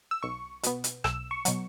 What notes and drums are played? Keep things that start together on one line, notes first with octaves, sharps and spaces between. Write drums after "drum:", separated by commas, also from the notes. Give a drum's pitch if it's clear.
E6
B1 C#6
B2 B3, drum: hi-hat
drum: hi-hat
B1 E6, drum: rim click
C#6
B2 F#3, drum: hi-hat